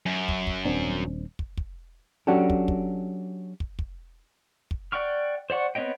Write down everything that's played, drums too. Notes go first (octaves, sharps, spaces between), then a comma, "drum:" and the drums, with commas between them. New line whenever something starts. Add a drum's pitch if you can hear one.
F#2
drum: kick
drum: kick
D#1 C4 D4
drum: kick
drum: kick
F#3 C#4 D4 F#4 G4 A4
drum: kick
drum: kick
drum: kick
drum: kick
drum: kick
D5 F#5 G5 C#6 F6
C5 D5 F#5 C#6
B3 C4 C#5 D#5 G5